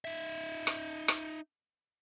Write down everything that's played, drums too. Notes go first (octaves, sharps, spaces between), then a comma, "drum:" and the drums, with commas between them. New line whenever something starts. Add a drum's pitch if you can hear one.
D#4 E5
drum: rim click
drum: rim click